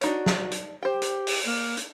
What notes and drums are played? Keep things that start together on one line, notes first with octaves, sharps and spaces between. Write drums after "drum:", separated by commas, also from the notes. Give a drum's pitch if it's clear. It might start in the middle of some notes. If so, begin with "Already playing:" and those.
D4 D#4 F#4 C#5, drum: hi-hat
drum: snare
drum: hi-hat
G4 C5 G5
drum: hi-hat
drum: open hi-hat
A#3
drum: hi-hat